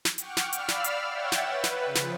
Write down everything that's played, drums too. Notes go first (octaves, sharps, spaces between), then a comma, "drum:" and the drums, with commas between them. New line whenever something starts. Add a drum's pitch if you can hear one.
drum: snare
F#5 G5 C#6 D6 F6, drum: hi-hat
drum: snare
D5 F5 B5 E6 F6, drum: hi-hat
drum: snare
drum: hi-hat
C#5 E5 F#5 G5 A6 E7
drum: snare
B4
drum: snare
C#3 F3
drum: snare